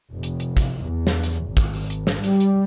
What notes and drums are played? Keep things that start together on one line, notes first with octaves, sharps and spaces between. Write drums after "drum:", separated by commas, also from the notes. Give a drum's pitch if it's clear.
F1
drum: hi-hat
drum: hi-hat
drum: kick, hi-hat
E2
drum: snare
drum: hi-hat
G#1
drum: kick, hi-hat
drum: open hi-hat
drum: hi-hat
drum: snare
G3, drum: hi-hat
drum: hi-hat